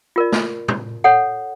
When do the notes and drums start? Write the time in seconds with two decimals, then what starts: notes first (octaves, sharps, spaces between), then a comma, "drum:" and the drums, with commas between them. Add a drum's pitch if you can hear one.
0.16 F4 A#4 D5
0.32 drum: snare
0.68 drum: tom
1.04 A4 C#5 F#5